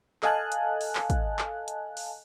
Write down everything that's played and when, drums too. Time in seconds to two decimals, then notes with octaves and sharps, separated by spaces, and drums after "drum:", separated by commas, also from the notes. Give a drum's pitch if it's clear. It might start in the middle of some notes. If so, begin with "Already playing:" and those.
0.23 A4 D#5 F5 G#5 A5 F#6, drum: clap
0.52 drum: hi-hat
0.81 drum: open hi-hat
0.95 drum: clap
1.10 drum: kick, hi-hat
1.39 drum: clap
1.68 drum: hi-hat
1.97 drum: open hi-hat